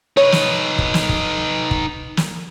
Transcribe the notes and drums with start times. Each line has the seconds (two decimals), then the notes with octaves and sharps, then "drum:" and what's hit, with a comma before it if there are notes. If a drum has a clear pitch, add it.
0.17 D#4 B4 C#5
0.32 drum: snare
0.79 drum: kick
0.94 drum: snare
1.09 drum: kick
1.71 drum: kick
2.17 drum: snare